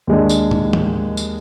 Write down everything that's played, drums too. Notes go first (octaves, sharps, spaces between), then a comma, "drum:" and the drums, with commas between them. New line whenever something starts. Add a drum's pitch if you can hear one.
D#2 G#3 D4
drum: tambourine
drum: tom
drum: tom
drum: tambourine